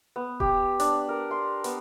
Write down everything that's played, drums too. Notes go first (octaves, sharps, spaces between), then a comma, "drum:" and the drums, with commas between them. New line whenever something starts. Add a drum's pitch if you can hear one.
B3
G4, drum: kick D#1
D4, drum: hi-hat
A#4
C6
B3, drum: hi-hat